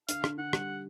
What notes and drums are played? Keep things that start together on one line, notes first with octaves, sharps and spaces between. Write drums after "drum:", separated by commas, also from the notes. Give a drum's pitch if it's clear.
D3 F5, drum: hi-hat
D3, drum: rim click
D3 F#5
G3, drum: rim click